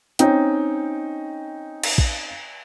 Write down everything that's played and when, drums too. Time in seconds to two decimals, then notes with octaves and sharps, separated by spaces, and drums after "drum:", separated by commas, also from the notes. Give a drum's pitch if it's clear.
0.19 C4 C#4 D#4 G5, drum: hi-hat
1.83 drum: cymbal
1.98 drum: kick